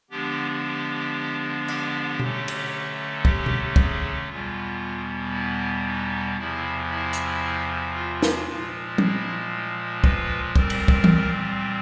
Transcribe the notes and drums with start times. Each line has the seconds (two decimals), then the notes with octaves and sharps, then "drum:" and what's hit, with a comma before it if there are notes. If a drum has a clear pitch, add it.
0.10 D3 F3 G#3 B3 D4 G4
0.63 G4
1.68 G4, drum: cymbal
2.19 D3 F#3 A3 C#4, drum: tom B2
2.48 drum: cymbal
3.25 G4, drum: kick
3.46 drum: tom B2
3.76 G#4, drum: kick
4.28 E2 B2 G3 B3 F4
5.33 E4
5.85 D#4
6.38 E2 C3 F3 E4
6.90 E4
7.13 drum: hi-hat
7.94 F4
8.23 drum: snare
8.47 A#2 F3 G#3
8.98 E4, drum: tom F3
10.04 B4, drum: kick
10.56 A#2 G3 C4 A#4, drum: kick
10.70 drum: cymbal
10.88 drum: kick
11.04 drum: tom E3